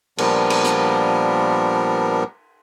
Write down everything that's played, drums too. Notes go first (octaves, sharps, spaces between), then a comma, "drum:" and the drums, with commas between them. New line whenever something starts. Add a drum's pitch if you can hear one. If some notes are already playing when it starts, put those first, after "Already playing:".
A#2 F3 G3 B3 D4 A#4, drum: cymbal
drum: cymbal
drum: hi-hat